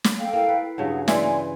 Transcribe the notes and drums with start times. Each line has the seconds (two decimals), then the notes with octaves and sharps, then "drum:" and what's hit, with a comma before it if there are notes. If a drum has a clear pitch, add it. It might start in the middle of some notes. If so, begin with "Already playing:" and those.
0.04 drum: snare
0.19 A4 F5 G5
0.33 A#3 E4
0.49 B4
0.78 G2 C#3 F#3 G#4 F#5
1.08 E3 E4 D5 G#5 C6, drum: snare